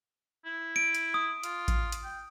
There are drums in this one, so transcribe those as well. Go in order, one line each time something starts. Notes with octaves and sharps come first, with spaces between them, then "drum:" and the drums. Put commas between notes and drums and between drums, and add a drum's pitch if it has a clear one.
E4
D7
drum: hi-hat
D#6
F4, drum: hi-hat
drum: kick A1, hi-hat
drum: hi-hat
G5